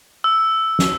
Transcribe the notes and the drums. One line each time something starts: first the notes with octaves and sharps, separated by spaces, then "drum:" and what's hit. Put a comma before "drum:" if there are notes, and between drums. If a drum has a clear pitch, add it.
E6
drum: snare